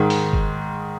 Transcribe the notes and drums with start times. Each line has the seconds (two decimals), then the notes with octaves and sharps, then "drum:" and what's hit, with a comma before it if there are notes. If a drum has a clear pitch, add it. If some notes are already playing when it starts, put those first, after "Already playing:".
Already playing: G#2 D#3 G#3
0.10 drum: open hi-hat
0.33 drum: kick F#1